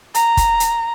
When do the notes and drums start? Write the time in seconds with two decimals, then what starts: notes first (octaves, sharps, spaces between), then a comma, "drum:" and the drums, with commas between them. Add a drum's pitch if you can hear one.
0.15 A#5, drum: hi-hat
0.37 drum: kick, hi-hat
0.60 drum: hi-hat